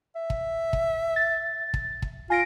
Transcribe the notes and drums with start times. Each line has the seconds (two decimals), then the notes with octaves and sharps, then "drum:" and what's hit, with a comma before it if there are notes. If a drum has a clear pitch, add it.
0.16 E5
0.30 drum: kick
0.73 drum: kick
1.16 A6
1.74 drum: kick
2.02 drum: kick
2.30 F4 G#5 A#6 D7